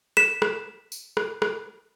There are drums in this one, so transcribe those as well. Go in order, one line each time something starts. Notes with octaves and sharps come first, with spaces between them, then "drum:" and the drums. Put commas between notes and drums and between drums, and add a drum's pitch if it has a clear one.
B6 E7, drum: rim click
drum: rim click
drum: tambourine
drum: rim click
drum: rim click